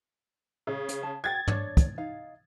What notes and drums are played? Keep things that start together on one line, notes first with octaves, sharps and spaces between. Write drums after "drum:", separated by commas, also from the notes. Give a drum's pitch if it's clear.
C#3
drum: hi-hat
A5
F#4 G5 G#6 A6
D4 A4 C#5, drum: tom
drum: kick, hi-hat
D#4 F5